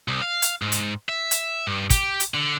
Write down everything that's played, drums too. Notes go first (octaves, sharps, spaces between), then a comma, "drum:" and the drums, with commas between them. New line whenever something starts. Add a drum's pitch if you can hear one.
C2
F5
drum: hi-hat
G#2
drum: hi-hat
E5
drum: hi-hat
G2
G4, drum: kick, hi-hat
drum: hi-hat
D3